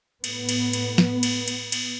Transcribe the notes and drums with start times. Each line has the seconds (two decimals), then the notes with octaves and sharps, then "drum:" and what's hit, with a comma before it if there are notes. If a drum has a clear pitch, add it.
0.24 A2 B3, drum: cymbal
0.49 drum: cymbal
0.73 drum: cymbal
0.98 drum: snare
1.23 drum: cymbal
1.48 drum: cymbal
1.72 drum: cymbal